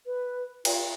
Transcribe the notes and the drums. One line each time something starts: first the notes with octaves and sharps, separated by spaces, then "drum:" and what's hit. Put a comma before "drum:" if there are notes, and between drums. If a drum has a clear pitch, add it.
B4
F4, drum: cymbal